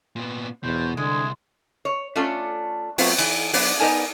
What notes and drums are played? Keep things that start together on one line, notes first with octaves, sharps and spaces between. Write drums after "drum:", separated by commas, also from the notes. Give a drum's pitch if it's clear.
A#2 B3
E2 B2 C5
C2 D3 G#3 G#4
C#5
A3 C#4 D4 F4 A4
F#3 A3 B3 C4 F4, drum: open hi-hat
E3, drum: cymbal
F#3 B3 D4, drum: open hi-hat
B3 D#4 A#4 D5 G#5 A5